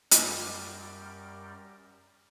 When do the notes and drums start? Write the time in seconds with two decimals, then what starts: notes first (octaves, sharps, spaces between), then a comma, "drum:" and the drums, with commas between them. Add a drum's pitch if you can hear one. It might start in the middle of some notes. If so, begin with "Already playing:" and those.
0.11 F#2 G3 G4 A#4 D5 G5, drum: hi-hat